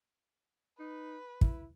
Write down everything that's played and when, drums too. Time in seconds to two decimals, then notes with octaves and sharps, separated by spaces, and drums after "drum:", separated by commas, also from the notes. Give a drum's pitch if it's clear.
0.79 D#4 B4
1.41 E4, drum: kick